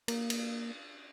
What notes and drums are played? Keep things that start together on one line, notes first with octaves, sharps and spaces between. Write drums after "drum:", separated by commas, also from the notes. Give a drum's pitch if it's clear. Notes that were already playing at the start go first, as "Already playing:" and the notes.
A#3, drum: cymbal
drum: cymbal